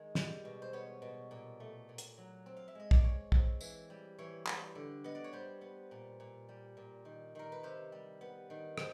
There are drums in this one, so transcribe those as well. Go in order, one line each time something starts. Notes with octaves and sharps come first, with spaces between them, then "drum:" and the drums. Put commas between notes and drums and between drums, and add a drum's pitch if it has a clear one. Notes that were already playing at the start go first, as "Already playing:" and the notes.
Already playing: D#3 G#3
G3, drum: snare
B2
C5
B3 C#5
B2
A#2
A3
A#2
drum: hi-hat
F#3
C4
F5
E5
G#3 D#5
D5, drum: kick
G#3 C#5
C4, drum: kick
E3, drum: tambourine
G3
E3 C#5
G3, drum: clap
D3
B3 D#5
D5
C#5
G3 C5
B3
A#2
A#2
G3
A#2
D#3
D#3 A#4
B4
C3 C5
G3
B3
D#3
C5, drum: rim click